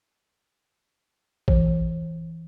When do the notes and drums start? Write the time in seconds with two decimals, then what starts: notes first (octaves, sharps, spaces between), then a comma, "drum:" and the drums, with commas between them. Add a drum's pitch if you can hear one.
1.48 E3, drum: kick A1